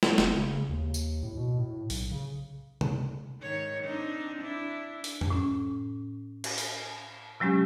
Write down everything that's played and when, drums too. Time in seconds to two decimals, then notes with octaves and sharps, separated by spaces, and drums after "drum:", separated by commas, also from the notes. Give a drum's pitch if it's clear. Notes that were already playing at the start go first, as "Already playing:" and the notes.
0.03 drum: snare
0.18 F1, drum: snare
0.35 C#3
0.69 D#2
0.94 drum: tambourine
1.23 A2
1.37 B2
1.59 A2
1.90 B1, drum: open hi-hat
2.11 C#3
2.81 drum: tom C3
3.41 G#2 D#3 C#5
3.83 C4 D4 D#4
4.41 D4 E4
5.04 drum: open hi-hat
5.21 drum: tom F2
5.30 A2 C#4
6.44 drum: cymbal
6.58 drum: open hi-hat
7.40 C3 F#3 G#3 C#4 G4